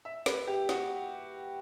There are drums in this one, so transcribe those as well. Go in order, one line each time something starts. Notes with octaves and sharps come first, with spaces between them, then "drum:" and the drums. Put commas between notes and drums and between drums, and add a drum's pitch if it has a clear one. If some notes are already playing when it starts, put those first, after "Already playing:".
E5
B4, drum: snare
G4
F#4, drum: snare